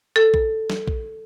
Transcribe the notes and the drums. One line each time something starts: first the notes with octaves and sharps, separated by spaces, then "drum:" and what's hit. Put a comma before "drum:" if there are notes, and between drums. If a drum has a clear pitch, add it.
A4
drum: kick A#1
drum: snare
drum: kick A#1